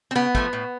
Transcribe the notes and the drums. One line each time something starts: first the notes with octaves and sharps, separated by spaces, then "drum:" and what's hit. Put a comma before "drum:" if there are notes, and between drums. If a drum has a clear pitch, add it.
C4
C#3 B3
F3 A3, drum: kick
A2